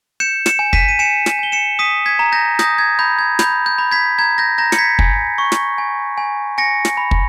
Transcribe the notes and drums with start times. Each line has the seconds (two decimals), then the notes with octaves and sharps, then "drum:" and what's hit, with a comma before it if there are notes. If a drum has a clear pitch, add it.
0.20 G6 C#7 E7
0.46 C#7 E7, drum: snare
0.59 G#5
0.73 B6 D#7, drum: kick
0.88 D#7
0.99 G#5 C#7 E7
1.26 drum: snare
1.39 G#5 G7
1.52 C#7 E7
1.79 D#6 B6 D#7
2.06 G#6 B6
2.19 A#5
2.32 G6 A#6
2.59 D#6 G6 A#6, drum: snare
2.78 G#6
2.99 B5 G6
3.19 G#6
3.39 B5 G6, drum: snare
3.66 G6
3.78 B5
3.92 G#6 B6
4.19 A#5 G#6
4.38 G6 A#6
4.58 A#5 G6 A#6
4.72 C#7, drum: snare
4.78 G#6 B6
4.99 G#5, drum: kick
5.38 C#6
5.52 drum: snare
5.78 G#5
6.18 G#5
6.58 G#5 A#6 C#7
6.85 drum: snare
6.97 B5
7.11 drum: kick